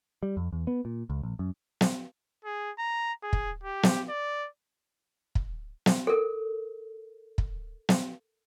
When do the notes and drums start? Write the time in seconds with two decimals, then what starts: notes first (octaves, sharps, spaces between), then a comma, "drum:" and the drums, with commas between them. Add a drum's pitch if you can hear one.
0.23 G3
0.37 F2
0.53 E2
0.67 B3
0.85 A#2
1.10 C#2
1.23 A#1
1.39 F#2
1.81 drum: snare
2.45 G#4
2.78 A#5
3.23 G#4
3.33 drum: kick
3.64 G4
3.83 drum: snare
4.09 D5
5.35 drum: kick
5.86 drum: snare
6.07 A4 A#4
7.38 drum: kick
7.89 drum: snare